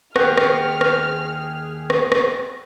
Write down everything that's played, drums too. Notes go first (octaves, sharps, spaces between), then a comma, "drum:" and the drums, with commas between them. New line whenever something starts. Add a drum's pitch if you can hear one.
D#2 G4 G#4 A#4 F#5 G5 F6, drum: rim click
drum: rim click
drum: rim click
drum: rim click
drum: rim click